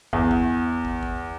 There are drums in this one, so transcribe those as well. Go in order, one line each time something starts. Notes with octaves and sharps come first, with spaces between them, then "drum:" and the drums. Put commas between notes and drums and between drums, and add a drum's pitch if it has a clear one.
E2, drum: kick
drum: kick
drum: kick
drum: kick